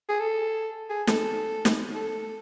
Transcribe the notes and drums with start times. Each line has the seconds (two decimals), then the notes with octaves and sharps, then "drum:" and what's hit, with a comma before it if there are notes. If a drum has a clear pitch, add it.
0.09 G#4
0.20 A4
0.90 G#4
1.07 A4, drum: snare
1.65 drum: snare
1.95 A4